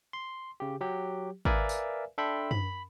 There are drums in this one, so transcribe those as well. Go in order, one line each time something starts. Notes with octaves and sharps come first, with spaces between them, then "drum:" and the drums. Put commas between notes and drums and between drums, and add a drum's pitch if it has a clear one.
C6
C#3 G4
F#3 G4
A#4 B4 D5 E5 F5 G#5, drum: kick G#1
drum: tambourine
D4 A4 E5 G5 B5 C6
B5, drum: tom F#2